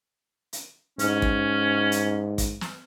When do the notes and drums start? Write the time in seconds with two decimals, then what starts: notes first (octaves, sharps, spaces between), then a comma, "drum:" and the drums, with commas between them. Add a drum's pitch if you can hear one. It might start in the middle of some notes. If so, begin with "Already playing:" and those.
0.53 drum: hi-hat
0.99 G#2 C#4, drum: hi-hat
1.22 drum: kick
1.92 drum: hi-hat
2.38 drum: kick, hi-hat
2.61 drum: snare